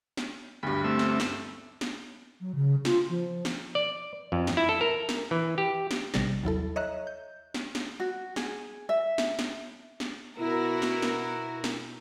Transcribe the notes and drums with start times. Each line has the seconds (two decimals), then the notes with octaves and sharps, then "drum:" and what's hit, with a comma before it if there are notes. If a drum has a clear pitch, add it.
0.17 drum: snare
0.63 D2 G2 B5
0.84 A3 C4 E5
0.99 drum: snare
1.20 drum: snare
1.81 drum: snare
2.40 F#3
2.55 C#3
2.85 F4, drum: snare
3.09 F3
3.45 drum: snare
3.75 D5
4.32 F2
4.47 drum: snare
4.57 E4
4.69 A4
4.81 A#4
5.09 drum: snare
5.31 E3
5.58 G4
5.91 drum: snare
6.14 A1 C3 G3 A6 A#6, drum: snare
6.43 D#2 F#3 E4 A4
6.76 C#5 D#5 E5 A#5 F#6
7.07 G6
7.54 drum: snare
7.75 drum: snare
8.00 F#4
8.36 G#4, drum: snare
8.89 E5
9.18 drum: snare
9.39 drum: snare
10.00 drum: snare
10.39 B2 E4 F#4 A#4
10.82 drum: snare
11.02 drum: snare
11.64 drum: snare